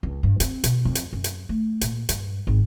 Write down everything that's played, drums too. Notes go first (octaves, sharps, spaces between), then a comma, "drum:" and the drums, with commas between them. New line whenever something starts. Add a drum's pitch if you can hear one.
C#2
G2
C4, drum: hi-hat
B2, drum: hi-hat
F2
drum: hi-hat
F#2
drum: hi-hat
A3
A#2, drum: hi-hat
G2, drum: hi-hat
G#1